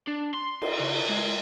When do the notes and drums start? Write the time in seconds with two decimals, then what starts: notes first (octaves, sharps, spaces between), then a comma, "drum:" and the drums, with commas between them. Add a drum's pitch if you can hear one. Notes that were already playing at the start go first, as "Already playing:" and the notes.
0.07 D4
0.34 C6
0.62 drum: cymbal
0.80 C#3
1.09 G#3